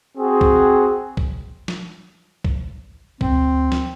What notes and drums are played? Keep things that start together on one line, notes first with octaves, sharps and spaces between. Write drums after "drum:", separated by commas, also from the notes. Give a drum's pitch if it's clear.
C4 F#4 G#4
drum: kick B1
drum: kick B1
drum: snare
drum: kick B1
D2 C4, drum: kick B1
drum: snare